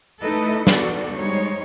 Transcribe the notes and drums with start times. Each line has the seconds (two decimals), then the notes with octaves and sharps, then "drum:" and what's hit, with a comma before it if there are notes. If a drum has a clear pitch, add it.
0.23 A3 D#4 E4 A4 B4 D#5
0.67 B3 D4 F#4 A4 D5, drum: snare
1.17 G3 G#3 D#4 C5 C#5